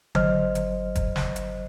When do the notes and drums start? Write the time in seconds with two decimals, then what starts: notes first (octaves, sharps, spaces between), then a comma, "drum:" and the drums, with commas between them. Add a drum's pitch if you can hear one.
0.15 G1 F#3 C5 D#5 F6, drum: tom D3
0.55 drum: hi-hat
0.95 drum: kick, hi-hat
1.16 drum: snare
1.36 drum: hi-hat